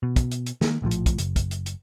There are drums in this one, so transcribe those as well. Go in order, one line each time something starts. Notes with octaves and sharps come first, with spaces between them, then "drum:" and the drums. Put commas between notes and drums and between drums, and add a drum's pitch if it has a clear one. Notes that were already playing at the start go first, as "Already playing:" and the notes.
B2
drum: kick, hi-hat
drum: hi-hat
drum: hi-hat
D#3 A#3, drum: snare
A#1 A2 E3 F3
drum: hi-hat
drum: kick, hi-hat
F#1, drum: hi-hat
drum: kick, hi-hat
drum: hi-hat
drum: hi-hat